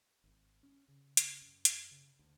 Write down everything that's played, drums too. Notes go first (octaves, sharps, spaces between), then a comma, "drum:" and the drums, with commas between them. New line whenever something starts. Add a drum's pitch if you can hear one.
G#1
C#4
C#3
drum: hi-hat
F#2
drum: hi-hat
C#3
D2